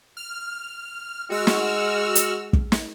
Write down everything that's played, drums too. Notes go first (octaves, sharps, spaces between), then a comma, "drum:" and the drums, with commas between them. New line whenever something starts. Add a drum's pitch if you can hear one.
F6
G#3 F#4 E6 F6
drum: snare
drum: hi-hat
drum: kick
drum: snare